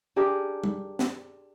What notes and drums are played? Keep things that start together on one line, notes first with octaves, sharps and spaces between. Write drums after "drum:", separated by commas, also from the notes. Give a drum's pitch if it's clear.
D4 G4 G#4 A#4
drum: tom G3
drum: snare